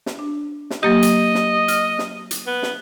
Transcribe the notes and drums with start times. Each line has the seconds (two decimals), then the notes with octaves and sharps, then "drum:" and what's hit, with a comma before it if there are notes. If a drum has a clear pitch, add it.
0.06 drum: snare
0.19 D4
0.70 drum: snare
0.83 F#3 A#3 G4 D#5
1.03 drum: hi-hat
1.35 drum: snare
1.68 F6, drum: hi-hat
1.99 drum: snare
2.31 drum: hi-hat
2.47 B3
2.63 drum: snare